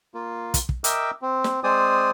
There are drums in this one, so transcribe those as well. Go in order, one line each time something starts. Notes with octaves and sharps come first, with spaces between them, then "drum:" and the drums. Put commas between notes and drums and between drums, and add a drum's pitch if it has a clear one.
A#3 F4
drum: kick, hi-hat
drum: kick
A#4 D#5 E5 G5 D6 E6, drum: hi-hat
C4
drum: snare
G#3 C4 C5 D5 G#5 D#6